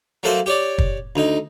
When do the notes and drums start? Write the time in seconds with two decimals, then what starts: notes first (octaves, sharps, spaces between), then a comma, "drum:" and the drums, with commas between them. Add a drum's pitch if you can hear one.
0.23 F#3 A3 A#3 F#4 C5 C6
0.46 G4 C#5 D5
0.78 drum: kick
1.16 D2 D#4